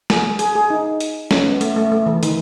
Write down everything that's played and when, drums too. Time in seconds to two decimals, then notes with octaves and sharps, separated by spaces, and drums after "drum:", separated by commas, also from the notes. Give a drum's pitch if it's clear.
0.10 G#4, drum: snare
0.39 G#4, drum: hi-hat
0.55 G#4
0.70 D#4
1.00 drum: hi-hat
1.31 C#4, drum: snare
1.46 B3
1.61 A3, drum: hi-hat
1.76 A3
1.92 A3
2.06 E3
2.23 D#3, drum: hi-hat